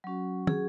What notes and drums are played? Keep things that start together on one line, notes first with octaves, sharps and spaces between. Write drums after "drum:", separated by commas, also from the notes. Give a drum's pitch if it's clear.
F#3 C#4 F#4
G#4, drum: tom